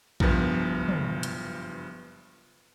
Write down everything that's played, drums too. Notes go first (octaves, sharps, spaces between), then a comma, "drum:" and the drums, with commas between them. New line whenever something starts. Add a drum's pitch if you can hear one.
F#1 G2 F3 B3, drum: kick A#1
drum: tom
drum: hi-hat